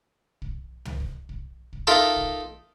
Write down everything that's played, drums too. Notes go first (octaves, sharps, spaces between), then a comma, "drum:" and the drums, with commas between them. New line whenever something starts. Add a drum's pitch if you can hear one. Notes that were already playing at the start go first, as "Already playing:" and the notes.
drum: kick
drum: tom
drum: kick
drum: kick
drum: kick
D#4 F4 A4 A#4 E5
drum: kick